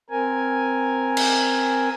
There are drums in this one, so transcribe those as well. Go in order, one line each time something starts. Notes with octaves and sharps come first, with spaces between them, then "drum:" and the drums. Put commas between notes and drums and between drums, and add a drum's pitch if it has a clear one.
C4 A#4 G#5
drum: cymbal